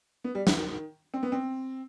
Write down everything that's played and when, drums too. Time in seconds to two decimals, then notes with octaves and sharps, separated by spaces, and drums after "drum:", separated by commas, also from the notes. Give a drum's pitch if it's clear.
0.24 B3
0.35 G3
0.47 E3, drum: snare
0.57 D#3
0.69 D#3
1.14 C4
1.23 B3
1.32 C4